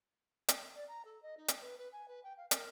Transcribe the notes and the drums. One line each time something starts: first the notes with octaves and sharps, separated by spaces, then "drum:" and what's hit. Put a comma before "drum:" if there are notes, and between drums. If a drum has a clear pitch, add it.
drum: hi-hat
D5
A#5
A4
D#5
D#4
drum: hi-hat
B4
B4
G#5
B4
G5
F5
A#4, drum: hi-hat